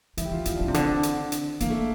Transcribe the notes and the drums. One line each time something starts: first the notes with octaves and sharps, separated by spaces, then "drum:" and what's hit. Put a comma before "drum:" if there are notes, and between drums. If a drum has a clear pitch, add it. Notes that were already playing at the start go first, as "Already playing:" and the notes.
E3 E4, drum: hi-hat
G4
E3 F4
E3 F4, drum: hi-hat
D4
E3
C3 D4
D3 C4, drum: hi-hat
D4
drum: hi-hat
drum: hi-hat
E3 A#3, drum: hi-hat
A3